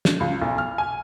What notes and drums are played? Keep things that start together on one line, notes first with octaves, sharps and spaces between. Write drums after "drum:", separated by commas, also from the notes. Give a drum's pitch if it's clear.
drum: snare
C#2
B1
F6
G#5